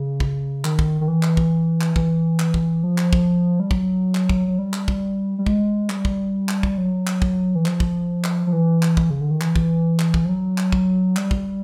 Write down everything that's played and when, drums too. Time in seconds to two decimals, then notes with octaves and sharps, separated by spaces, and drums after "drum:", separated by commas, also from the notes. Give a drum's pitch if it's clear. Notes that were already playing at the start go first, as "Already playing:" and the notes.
Already playing: C#3
0.20 drum: kick
0.65 D#3, drum: clap
0.79 drum: kick
1.01 D#3
1.08 E3
1.23 drum: clap
1.37 drum: kick
1.81 drum: clap
1.96 E3, drum: kick
2.40 drum: clap
2.54 drum: kick
2.84 F3
2.98 drum: clap
3.13 drum: kick
3.60 G3
3.71 F#3, drum: kick
4.15 drum: clap
4.29 drum: kick
4.48 F#3
4.59 G3
4.73 drum: clap
4.88 drum: kick
5.38 G3
5.46 G#3, drum: kick
5.90 G3, drum: clap
6.05 drum: kick
6.49 drum: clap
6.63 drum: kick
6.78 F#3
7.07 drum: clap
7.22 drum: kick
7.55 E3
7.66 F3, drum: clap
7.80 drum: kick
8.24 drum: clap
8.47 F3
8.53 E3
8.82 drum: clap
8.97 drum: kick
9.10 C#3
9.21 D3
9.31 D#3
9.41 E3, drum: clap
9.56 drum: kick
9.99 drum: clap
10.14 drum: kick
10.25 F3
10.29 F#3
10.58 drum: clap
10.72 drum: kick
11.16 G3, drum: clap
11.31 drum: kick